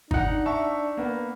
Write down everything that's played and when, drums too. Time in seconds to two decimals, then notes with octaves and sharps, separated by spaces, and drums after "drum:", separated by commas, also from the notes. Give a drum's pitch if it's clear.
0.11 D4 D#4 F#5, drum: kick G1
0.46 E5 A5 C#6
0.97 A#3 B3